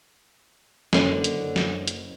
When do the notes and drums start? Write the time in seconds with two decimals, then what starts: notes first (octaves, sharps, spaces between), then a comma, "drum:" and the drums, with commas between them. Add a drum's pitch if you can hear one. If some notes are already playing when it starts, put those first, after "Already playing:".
0.93 F#1 D3 C#4 D#7, drum: snare
1.24 drum: hi-hat
1.56 drum: snare
1.88 drum: hi-hat